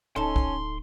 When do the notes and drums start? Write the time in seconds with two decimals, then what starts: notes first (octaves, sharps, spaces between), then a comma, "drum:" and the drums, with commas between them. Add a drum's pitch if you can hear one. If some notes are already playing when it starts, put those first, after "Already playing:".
0.16 D1 C#4 D#4 A4 C6
0.36 drum: kick